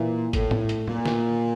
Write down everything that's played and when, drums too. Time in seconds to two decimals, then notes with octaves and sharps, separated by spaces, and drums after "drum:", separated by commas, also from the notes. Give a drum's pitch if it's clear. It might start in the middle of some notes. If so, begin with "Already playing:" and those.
Already playing: A#2 E3
0.33 A2, drum: kick, hi-hat
0.51 drum: tom
0.69 drum: hi-hat
0.88 A#2, drum: tom A#2
1.06 drum: snare